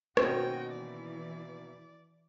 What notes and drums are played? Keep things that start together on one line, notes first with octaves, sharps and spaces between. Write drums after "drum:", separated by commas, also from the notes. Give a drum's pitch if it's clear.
B2 D#3 A#3 C4 C#4 F#4 D#5 G5, drum: rim click
E3 D5